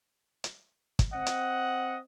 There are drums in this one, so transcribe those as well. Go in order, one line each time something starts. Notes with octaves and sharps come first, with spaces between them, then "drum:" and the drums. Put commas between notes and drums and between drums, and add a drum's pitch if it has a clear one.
drum: hi-hat
drum: kick, hi-hat
C4 D#5 F#5
drum: hi-hat